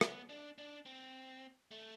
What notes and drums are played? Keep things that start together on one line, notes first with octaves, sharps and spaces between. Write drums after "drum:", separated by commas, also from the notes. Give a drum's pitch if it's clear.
B3, drum: rim click
D4
D4
C4
A3